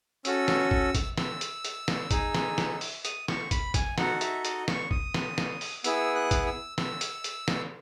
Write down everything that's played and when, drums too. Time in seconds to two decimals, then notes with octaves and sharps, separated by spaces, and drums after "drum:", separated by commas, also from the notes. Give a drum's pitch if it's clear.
0.25 C#4 F#4 A4 E6, drum: hi-hat
0.48 drum: snare
0.71 drum: kick
0.95 drum: kick, hi-hat
1.18 E6, drum: snare
1.41 drum: hi-hat
1.65 drum: hi-hat
1.88 drum: snare
2.11 D#4 G#4, drum: kick, hi-hat
2.35 drum: snare
2.58 drum: snare
2.81 drum: open hi-hat
3.05 D#6, drum: hi-hat
3.28 C#6, drum: snare
3.51 B5, drum: kick, hi-hat
3.74 G#5, drum: kick, hi-hat
3.98 D#4 F#4 A4 F#5, drum: snare
4.21 E5, drum: hi-hat
4.45 D#5, drum: hi-hat
4.68 C#6, drum: snare
4.91 D#6, drum: kick
5.14 drum: snare
5.38 drum: snare
5.61 drum: open hi-hat
5.84 B3 E4 G#4 E6, drum: hi-hat
6.16 F#6
6.31 drum: kick, hi-hat
6.46 E6
6.78 E6, drum: snare
7.01 drum: hi-hat
7.24 drum: hi-hat
7.48 drum: snare